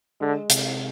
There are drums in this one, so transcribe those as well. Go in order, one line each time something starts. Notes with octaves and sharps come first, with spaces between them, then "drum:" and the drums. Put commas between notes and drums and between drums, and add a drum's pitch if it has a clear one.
D3 G#3
C3, drum: hi-hat